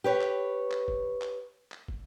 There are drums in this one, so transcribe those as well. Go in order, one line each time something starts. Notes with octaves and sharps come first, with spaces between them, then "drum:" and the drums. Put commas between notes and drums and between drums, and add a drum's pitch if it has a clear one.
G4 B4 C#5
drum: clap
drum: clap
drum: kick
drum: clap
drum: clap
drum: kick